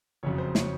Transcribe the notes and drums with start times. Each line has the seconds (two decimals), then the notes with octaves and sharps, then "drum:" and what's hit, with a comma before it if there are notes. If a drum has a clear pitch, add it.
0.23 F#1 F2 C#3 F#3 C#5
0.38 C5
0.55 C#5, drum: snare